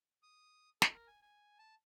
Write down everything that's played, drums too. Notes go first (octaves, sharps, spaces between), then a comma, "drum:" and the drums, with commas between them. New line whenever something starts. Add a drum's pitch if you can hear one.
D#6
A4, drum: snare
A#4
G#5
G#5
A5